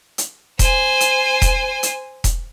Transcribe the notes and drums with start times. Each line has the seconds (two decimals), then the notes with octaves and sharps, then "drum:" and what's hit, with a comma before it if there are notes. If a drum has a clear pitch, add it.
0.18 drum: hi-hat
0.59 C5 G#5, drum: kick E1, hi-hat
1.00 drum: hi-hat
1.42 drum: kick E1, hi-hat
1.83 drum: hi-hat
2.24 drum: kick E1, hi-hat